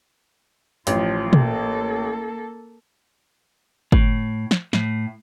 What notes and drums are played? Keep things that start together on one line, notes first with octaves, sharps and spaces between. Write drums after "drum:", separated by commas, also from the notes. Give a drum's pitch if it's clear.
A1 F3 F4, drum: hi-hat
A#3 A4, drum: tom
A2, drum: kick G1
drum: snare
A2, drum: snare